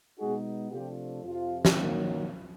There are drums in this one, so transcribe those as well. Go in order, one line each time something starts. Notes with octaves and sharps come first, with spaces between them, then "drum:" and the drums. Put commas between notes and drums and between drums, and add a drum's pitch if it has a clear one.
B2 G#3 B3 D#4 F#4 G#4
C3 F3 A3 D4 F4 G4
F2 C3 F3 F4
drum: snare
D#3 F#3 A#3